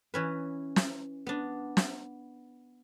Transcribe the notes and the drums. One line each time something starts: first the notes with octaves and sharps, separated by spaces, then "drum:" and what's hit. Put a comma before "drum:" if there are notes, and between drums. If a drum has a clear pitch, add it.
E3 C#4 B4
drum: snare
B3 D4
drum: snare